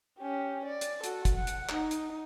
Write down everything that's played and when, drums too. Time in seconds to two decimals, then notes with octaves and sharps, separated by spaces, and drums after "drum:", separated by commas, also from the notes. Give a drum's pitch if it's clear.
0.19 C#4 G4
0.66 D5
0.81 drum: hi-hat
1.04 F#4 A4, drum: hi-hat
1.25 drum: kick, hi-hat
1.35 F#5
1.47 drum: hi-hat
1.69 D#4, drum: clap
1.91 drum: hi-hat